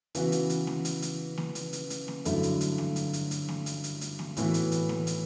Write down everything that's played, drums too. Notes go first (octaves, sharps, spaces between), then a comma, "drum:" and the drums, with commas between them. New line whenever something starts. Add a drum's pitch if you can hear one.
C#3 E3 B3 F#4, drum: hi-hat
drum: hi-hat
drum: hi-hat
drum: snare
drum: hi-hat
drum: hi-hat
drum: snare
drum: hi-hat
drum: hi-hat
drum: hi-hat
drum: snare
G2 D3 F#3 A3 E4, drum: hi-hat
drum: hi-hat
drum: hi-hat
drum: snare
drum: hi-hat
drum: hi-hat
drum: hi-hat
drum: snare
drum: hi-hat
drum: hi-hat
drum: hi-hat
drum: snare
A2 E3 B3 F#4, drum: hi-hat
drum: hi-hat
drum: hi-hat
drum: snare
drum: hi-hat